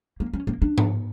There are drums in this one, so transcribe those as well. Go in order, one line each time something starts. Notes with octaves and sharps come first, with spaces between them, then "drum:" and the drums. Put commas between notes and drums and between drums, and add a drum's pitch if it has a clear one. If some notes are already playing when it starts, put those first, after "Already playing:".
A#3
C#4
A#3
D4
drum: tom G#2